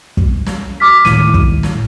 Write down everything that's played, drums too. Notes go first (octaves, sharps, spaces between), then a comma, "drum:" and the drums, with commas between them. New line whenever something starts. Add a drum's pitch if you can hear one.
drum: kick
drum: snare
D6 F6 B6
G#1 D2 A2 D#7, drum: snare
drum: kick
drum: snare